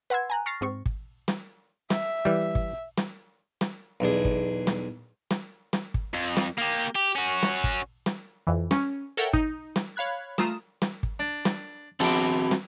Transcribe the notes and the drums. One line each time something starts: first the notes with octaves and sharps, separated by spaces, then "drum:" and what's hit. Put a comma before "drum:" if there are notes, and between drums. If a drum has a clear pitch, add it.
B4 F#5 C6 E6 G#6
G#5 A#5 F#6
C#6 F6 A6 A#6 C7
G#2 C4 C#6
drum: kick
drum: snare
E5, drum: snare
E3 G3
drum: kick
drum: snare
drum: snare
B1 E2 D4 G#4
drum: kick
drum: snare
drum: snare
drum: snare
drum: kick
F2
drum: snare
A#3 G4
G4
C#4 F#4
drum: snare
drum: kick
drum: snare
F2 E3
C#4, drum: snare
A4 A#4 C#5 E5 F#5 G5
D#4, drum: kick
drum: snare
C#5 F5 B5 F#6 G#6
A3 F4 A#5 D#6 E7, drum: snare
drum: snare
drum: kick
D4
drum: snare
A#1 C4 F#4 A5 D6
drum: snare